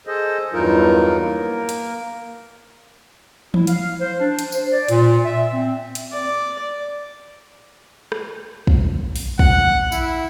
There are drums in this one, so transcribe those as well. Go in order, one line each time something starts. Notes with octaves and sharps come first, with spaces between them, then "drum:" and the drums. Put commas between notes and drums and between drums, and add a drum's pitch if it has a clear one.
G#4 A4 C5 D#5
E2 G2 F#3 D#4 F4 A#4
A#3 A#4
drum: hi-hat
E4, drum: tom E3
F5, drum: hi-hat
C5
D4
drum: hi-hat
C5, drum: tambourine
D5
A#2, drum: hi-hat
E5
C4
drum: hi-hat
D5
drum: rim click
drum: kick
drum: open hi-hat
F#5, drum: kick
E4, drum: tambourine